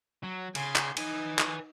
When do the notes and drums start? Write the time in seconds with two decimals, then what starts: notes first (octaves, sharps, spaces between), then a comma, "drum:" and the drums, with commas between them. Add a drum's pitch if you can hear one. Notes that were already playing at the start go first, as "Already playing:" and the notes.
0.23 F#3
0.55 C#3 G#5 C6, drum: cymbal
0.76 drum: clap
0.97 D#4 B4 G#5, drum: cymbal
1.39 drum: clap